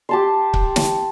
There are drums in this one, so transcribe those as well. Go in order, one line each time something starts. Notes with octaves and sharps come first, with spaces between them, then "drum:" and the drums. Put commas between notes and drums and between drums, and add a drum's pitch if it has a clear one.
G4 A5 C6
drum: kick C#1
drum: snare